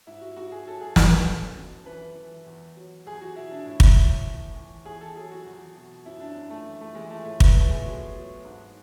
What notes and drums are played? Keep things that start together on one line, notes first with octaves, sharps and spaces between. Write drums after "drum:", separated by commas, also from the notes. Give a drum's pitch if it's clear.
G#2 E4
F#4
G#2 F#4
G#4
F#3 A4
G#4
F#3 B4, drum: snare
A4
F#2
F#2
E3 B4
E3
E2
F#3
E2 G#4
F#4
B2 E4
D4
A2 E4
drum: kick
A2
E3
E3
E2 G#4
A4
F#3 G#4
F#4
E2
B2
F#2 E4
D4
F#2
A3
E3
A3
E3 G#3
A3
A2 A3
B3, drum: kick
A2 A3
G#3
F#3
F#3
G#2